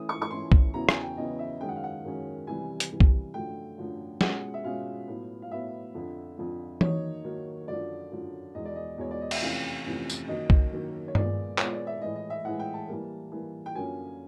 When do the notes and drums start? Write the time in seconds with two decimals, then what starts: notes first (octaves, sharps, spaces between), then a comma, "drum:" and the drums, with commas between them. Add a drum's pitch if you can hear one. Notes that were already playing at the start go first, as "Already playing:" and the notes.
Already playing: E3 A3 C#4 E4 D#6
0.09 C#6
0.22 C#6
0.31 E3 A3 C#4 E4 C6
0.52 drum: kick
0.74 E2 C#3 F#3 B3 E4 A#5
0.89 G#5, drum: rim click
1.03 G5
1.17 E2 C#3 F#3 B3 E4 D#5
1.39 E5
1.61 F#2 D#3 G#3 C#4 G5
1.69 F#5
1.76 F5
1.84 F#5
2.04 F#2 D#3 G#3 C#4
2.47 C3 E3 G3 G#5
2.80 drum: hi-hat
2.91 C3 E3 G3
3.00 drum: kick
3.34 F#2 D3 F3 A3 G5
3.78 F#2 D3 F3 A3
4.21 B2 G#3 C#4 F4 F#5, drum: snare
4.54 E5
4.64 B2 G#3 C#4 F4 F5
5.08 A2 F#3 B3
5.42 F5
5.51 A2 F#3 B3 E5
5.94 F2 D3 F3
6.38 F2 D3 F3
6.81 D#3 F#3 A#3 D#4 C#5, drum: tom E3
7.24 D#3 F#3 A#3 D#4
7.67 F#2 D3 F3 D5
8.11 F#2 D3 F3
8.55 E2 B2 G#3 D#5
8.65 D5
8.76 D#5
8.98 E2 B2 G#3 C#5
9.11 D5
9.21 D#5
9.31 E5, drum: cymbal
9.41 F2 C3 E3 A3 C#4 F5
9.85 F2 C3 E3 A3 C#4
10.10 drum: tambourine
10.28 F#2 D#3 F#3 A#3 D#5
10.50 drum: kick
10.72 F#2 D#3 F#3 A#3
11.08 C#5
11.15 A#2 F3 G#3 B3 D5, drum: tom G2
11.58 A#2 F3 G#3 B3 C#5, drum: clap
11.72 D5
11.87 E5
12.02 A2 E3 G#3 D#5
12.16 D#5
12.30 E5
12.45 A2 E3 G#3 F#5
12.60 G5
12.74 A5
12.88 E3 G3 A#3
13.32 E3 G3 A#3
13.66 G5
13.75 F#2 D3 F3 A#3 C#4 G#5